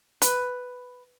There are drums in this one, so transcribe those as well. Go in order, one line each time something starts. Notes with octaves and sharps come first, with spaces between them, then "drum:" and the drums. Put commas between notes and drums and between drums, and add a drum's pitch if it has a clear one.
B4, drum: hi-hat